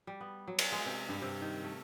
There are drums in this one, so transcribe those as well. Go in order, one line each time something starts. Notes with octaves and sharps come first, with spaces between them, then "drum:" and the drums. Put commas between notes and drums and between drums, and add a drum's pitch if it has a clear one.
G3
B3
F#3
drum: cymbal
G#3
C3
G2
C3
D#3
A3